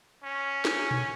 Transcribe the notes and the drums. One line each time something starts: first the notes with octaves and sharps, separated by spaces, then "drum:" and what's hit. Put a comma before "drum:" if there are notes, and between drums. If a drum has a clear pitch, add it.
C#4
drum: snare
drum: tom A#2